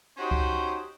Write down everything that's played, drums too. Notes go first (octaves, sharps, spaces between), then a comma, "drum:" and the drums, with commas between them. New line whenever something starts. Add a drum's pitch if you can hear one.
C#4 D#4 F#4 G4 C5
drum: kick C#2